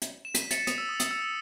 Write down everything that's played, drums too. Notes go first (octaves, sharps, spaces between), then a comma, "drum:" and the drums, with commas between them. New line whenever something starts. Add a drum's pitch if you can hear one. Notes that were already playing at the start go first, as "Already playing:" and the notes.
drum: hi-hat
E7
B6 D#7, drum: hi-hat
A6 C#7, drum: hi-hat
D#6, drum: hi-hat
E6
D#6
D#6, drum: hi-hat
E6
E6